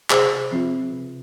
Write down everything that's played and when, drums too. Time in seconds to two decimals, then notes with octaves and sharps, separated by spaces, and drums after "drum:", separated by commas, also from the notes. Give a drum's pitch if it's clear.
0.10 C3 G#4 C5, drum: clap
0.51 F3 C4 F4
0.91 C3